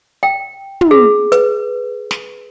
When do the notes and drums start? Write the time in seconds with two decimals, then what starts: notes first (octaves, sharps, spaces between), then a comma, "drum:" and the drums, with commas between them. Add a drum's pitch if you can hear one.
0.23 G5
0.81 drum: tom
0.91 G#4
1.32 B4, drum: hi-hat
2.11 drum: snare